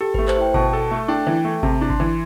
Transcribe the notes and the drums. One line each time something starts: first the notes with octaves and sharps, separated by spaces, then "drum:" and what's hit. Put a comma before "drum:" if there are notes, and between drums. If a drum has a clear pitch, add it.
G4 A4
A3 B4, drum: kick G#1
C5, drum: clap
E4
G5
B2 A5, drum: kick G#1
A4
A3
D4 G5
E3
A3
C3 A5, drum: kick G#1
D4
C6, drum: kick G#1
E3